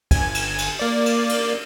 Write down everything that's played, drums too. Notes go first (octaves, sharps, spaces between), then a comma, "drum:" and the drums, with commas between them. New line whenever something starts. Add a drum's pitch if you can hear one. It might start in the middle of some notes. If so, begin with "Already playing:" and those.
G1 G#5, drum: kick, cymbal
drum: cymbal
drum: cymbal
A#3 D5
drum: cymbal
drum: cymbal